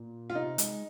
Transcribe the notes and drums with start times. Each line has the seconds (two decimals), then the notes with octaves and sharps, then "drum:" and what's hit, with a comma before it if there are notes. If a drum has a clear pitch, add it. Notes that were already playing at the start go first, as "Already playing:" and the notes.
Already playing: A#2
0.30 F4
0.35 C3 D#4
0.58 G#3, drum: hi-hat